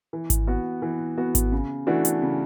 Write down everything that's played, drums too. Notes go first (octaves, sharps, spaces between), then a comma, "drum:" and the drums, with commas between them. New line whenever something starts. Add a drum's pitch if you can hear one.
E3
drum: kick G#1, hi-hat
B3 F#4
E3
B3 F#4
drum: kick G#1, hi-hat
C#3
E3 A3 D4 F#4
drum: hi-hat
C#3